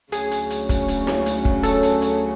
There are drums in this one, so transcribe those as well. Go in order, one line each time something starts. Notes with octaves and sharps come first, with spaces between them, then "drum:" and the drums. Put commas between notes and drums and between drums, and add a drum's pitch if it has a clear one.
D2 C#3 F#3 C#4 G#4, drum: hi-hat
drum: hi-hat
drum: hi-hat
drum: kick, hi-hat
drum: hi-hat
drum: snare
drum: hi-hat
drum: kick
A4, drum: hi-hat
drum: hi-hat
drum: hi-hat